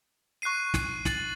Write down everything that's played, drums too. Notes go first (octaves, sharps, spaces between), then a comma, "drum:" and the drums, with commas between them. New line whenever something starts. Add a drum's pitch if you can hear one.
C#6 F#6 C7 D#7
drum: snare
A6 D#7 F#7, drum: snare